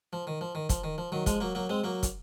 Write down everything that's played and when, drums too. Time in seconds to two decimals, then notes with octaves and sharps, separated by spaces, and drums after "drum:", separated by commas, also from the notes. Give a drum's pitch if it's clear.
0.13 F3
0.27 D#3
0.41 F3
0.55 D#3
0.69 F3, drum: kick, hi-hat
0.84 D#3
0.98 F3
1.12 D#3 F#3
1.26 F3 G#3, drum: kick, hi-hat
1.41 F#3 A#3
1.55 F#3 A#3
1.69 G#3 C4
1.84 F#3 A#3
2.03 drum: kick, hi-hat